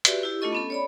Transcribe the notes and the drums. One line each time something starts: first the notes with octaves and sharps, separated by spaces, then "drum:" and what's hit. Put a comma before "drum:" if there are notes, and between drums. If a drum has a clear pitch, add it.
F#4 G4 B4 D5 E5, drum: hi-hat
E4 G4
A3 D4 F4 A4 D#5 C#6
B3 C#4 A4
C#5 D5 B5